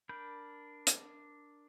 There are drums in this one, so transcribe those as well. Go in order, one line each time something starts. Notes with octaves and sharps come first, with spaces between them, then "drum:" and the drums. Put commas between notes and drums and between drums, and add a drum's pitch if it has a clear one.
D4 A#4 B5 G6
drum: hi-hat